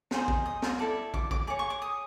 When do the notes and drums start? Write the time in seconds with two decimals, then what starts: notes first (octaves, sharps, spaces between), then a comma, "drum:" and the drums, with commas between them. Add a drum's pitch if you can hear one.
0.11 D#4 G#4 C5, drum: snare
0.28 drum: kick
0.46 D#6
0.62 drum: snare
0.79 E4 A4 D5
1.14 D6, drum: kick
1.31 D6, drum: kick
1.47 G#4 C#5 D6
1.59 C#6
1.70 D6
1.82 D#6